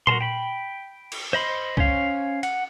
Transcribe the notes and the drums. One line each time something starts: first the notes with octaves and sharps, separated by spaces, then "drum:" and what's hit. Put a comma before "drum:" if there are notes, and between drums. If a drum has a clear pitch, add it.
F#4 A#4 A5 C6, drum: tom A#2
G5 B5
drum: cymbal
C5 D#5 B5 C6
C#4 C5 C#5 F5, drum: kick C2
F#5, drum: cymbal